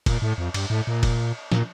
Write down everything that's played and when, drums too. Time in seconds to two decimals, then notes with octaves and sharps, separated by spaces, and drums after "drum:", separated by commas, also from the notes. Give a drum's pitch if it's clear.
0.06 A#2, drum: kick F1, cymbal
0.22 A2
0.38 F2
0.54 G2, drum: cymbal
0.70 A2
0.87 A#2
1.03 drum: kick F1, cymbal
1.52 A#2, drum: snare